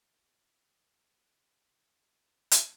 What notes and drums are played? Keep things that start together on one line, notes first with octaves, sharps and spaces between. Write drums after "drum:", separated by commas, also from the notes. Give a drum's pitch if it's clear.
A#4
E5
A4
drum: hi-hat